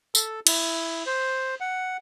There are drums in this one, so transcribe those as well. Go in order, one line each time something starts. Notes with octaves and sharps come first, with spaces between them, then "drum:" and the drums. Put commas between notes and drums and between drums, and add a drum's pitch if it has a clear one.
A4, drum: tambourine
E4, drum: cymbal
C5
F#5